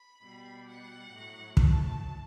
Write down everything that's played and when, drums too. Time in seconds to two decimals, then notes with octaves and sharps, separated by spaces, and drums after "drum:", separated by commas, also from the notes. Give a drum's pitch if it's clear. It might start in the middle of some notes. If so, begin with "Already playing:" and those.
Already playing: B5
0.22 B2 G3
0.67 F#5
1.12 A2 F#3
1.57 A5, drum: kick